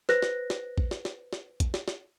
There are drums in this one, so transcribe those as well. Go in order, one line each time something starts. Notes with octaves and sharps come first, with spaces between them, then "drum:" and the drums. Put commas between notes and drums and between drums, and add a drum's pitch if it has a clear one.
B4 C5 F#6 A#6, drum: snare
drum: snare
drum: snare
drum: kick A1
drum: snare
drum: snare
drum: snare
drum: kick A1, hi-hat
drum: snare
drum: snare